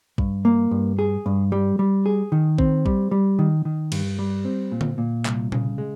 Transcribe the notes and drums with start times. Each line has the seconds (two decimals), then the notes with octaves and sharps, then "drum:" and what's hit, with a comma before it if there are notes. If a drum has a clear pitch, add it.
0.18 G2, drum: kick A#1
0.45 A#3
0.71 G2
0.99 G#4
1.26 G2
1.52 G3
1.79 G3
2.06 G#4
2.32 D#3
2.58 C4, drum: kick A#1
2.86 G3, drum: kick A#1
3.11 G3
3.39 D#3
3.65 D#3
3.92 G2, drum: cymbal
4.19 G3
4.45 C4
4.72 A#2
4.81 drum: tom D3
4.98 A#2
5.25 C2, drum: clap
5.52 C#3, drum: tom A#2
5.78 G#3